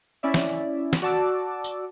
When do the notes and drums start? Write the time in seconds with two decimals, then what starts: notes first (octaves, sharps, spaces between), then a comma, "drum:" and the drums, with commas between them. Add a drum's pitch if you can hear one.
0.23 C#4 E4 D5 E5
0.34 drum: snare
0.93 drum: snare
1.02 F#4 D5 F#5 A5 D6 E6
1.64 drum: tambourine